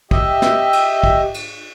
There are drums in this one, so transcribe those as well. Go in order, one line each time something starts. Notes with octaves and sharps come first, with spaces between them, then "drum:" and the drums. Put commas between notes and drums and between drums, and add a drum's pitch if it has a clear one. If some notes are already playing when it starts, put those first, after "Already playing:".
G4 D#5 E5, drum: kick
drum: snare
drum: cymbal
drum: kick
drum: cymbal